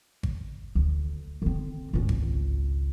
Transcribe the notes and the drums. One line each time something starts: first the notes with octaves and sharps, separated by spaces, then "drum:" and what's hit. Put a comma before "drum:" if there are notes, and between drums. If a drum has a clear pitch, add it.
drum: kick G#1
D2
D3 C4
G#1 C#2
drum: kick G#1